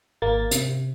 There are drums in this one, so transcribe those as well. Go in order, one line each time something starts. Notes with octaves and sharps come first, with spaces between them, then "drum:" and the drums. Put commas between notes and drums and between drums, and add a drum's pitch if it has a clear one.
G#1 A#3 A6
C3, drum: hi-hat